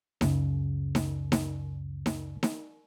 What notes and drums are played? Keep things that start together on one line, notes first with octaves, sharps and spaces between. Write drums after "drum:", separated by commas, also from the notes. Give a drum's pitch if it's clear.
C#2 F#2 C#3, drum: snare D#4
drum: snare D#4
drum: snare D#4
drum: snare D#4
drum: snare D#4